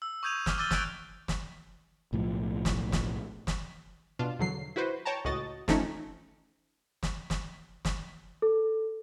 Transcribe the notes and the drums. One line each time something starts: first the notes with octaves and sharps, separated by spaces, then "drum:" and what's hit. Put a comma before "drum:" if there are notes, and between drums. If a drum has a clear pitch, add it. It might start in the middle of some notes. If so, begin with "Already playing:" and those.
E6
C#6 D#6 G6 G#6 D#7 F7
D6 F6, drum: snare
D6 E6 A6 D#7 G7
E6 F#6 D7, drum: snare
drum: snare
B1 A2 F3
drum: snare
drum: snare
drum: snare
B2 D4 F4
E2 B2 D3 F#3 C7
E4 F#4 B4 C5
C#5 G5 A5 A#5
C#2 A2 F#4 D#5 A6
F3 A3 C4 C#4 D#4, drum: snare
drum: snare
drum: snare
drum: snare
A4